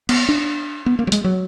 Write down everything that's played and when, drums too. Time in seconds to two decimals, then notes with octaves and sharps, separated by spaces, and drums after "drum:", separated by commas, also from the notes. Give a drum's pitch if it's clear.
0.09 B3, drum: cymbal
0.29 D4
0.86 B3
0.99 A#3
1.07 F#3
1.12 G#3, drum: hi-hat
1.24 F#3